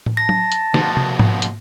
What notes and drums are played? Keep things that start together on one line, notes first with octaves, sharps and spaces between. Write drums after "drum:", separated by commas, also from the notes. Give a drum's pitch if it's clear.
drum: tom
A5 A#6
drum: tom F#3
drum: hi-hat
B2 F3, drum: snare
drum: tom
drum: tom G#2
drum: hi-hat